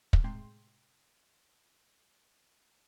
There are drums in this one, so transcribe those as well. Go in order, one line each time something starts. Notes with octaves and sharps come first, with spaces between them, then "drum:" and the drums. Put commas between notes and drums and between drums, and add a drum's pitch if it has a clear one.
drum: kick
A2 C3 G#3 G5 C6